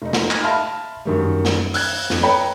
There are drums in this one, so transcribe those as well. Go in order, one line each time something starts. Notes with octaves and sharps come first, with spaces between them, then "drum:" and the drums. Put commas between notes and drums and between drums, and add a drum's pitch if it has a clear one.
F1 D#4
drum: snare
drum: clap
E5 F5 A5 B5 C6 F6
F#2 D#3 G3
drum: snare
E6 F#6 G#6, drum: open hi-hat
F2, drum: snare
A4 B4 C#5 G5 A#5 B5